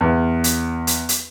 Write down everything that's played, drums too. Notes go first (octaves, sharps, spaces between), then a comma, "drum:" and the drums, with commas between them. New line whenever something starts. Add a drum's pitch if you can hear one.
E2
drum: hi-hat
drum: hi-hat
drum: hi-hat